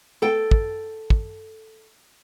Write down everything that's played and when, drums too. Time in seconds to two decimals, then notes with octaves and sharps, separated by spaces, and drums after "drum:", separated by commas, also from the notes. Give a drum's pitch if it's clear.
0.22 A4 G5
0.51 drum: kick
1.10 drum: kick